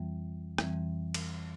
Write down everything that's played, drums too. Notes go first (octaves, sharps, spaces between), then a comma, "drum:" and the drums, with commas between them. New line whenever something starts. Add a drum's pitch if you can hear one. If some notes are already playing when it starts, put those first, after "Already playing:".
Already playing: F2 E3 G3 C4
F2 E3 G3 C4, drum: rim click
drum: cymbal